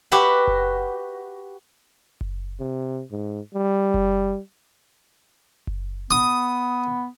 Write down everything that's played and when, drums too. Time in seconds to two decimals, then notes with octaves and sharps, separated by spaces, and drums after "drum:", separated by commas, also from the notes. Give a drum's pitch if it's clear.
0.12 F#4 G4 B4 E5 F#5
0.47 drum: kick F#1
2.21 drum: kick F#1
2.60 C3
3.12 G#2
3.54 G3
3.94 drum: kick F#1
5.67 drum: kick F#1
6.11 B3 D#6